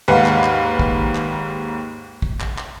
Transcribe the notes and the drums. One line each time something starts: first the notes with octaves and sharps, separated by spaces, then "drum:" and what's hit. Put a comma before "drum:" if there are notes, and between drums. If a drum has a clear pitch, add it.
D#2 G#2 B4 F5 F#5
drum: clap
drum: clap
drum: kick
drum: clap
drum: kick
drum: clap
drum: clap